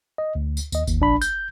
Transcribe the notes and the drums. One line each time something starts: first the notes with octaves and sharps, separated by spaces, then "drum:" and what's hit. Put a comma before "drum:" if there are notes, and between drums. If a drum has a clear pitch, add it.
D#5
D2
drum: tambourine
D#2 D#5, drum: tambourine
D#2, drum: kick G1, tambourine
A#1 D4 B5
G6, drum: tambourine